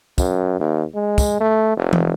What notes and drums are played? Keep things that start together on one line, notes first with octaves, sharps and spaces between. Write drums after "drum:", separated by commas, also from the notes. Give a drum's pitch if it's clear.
F#2, drum: kick, tambourine
D#2
G#3
drum: kick, tambourine
A3
F1
drum: tom E3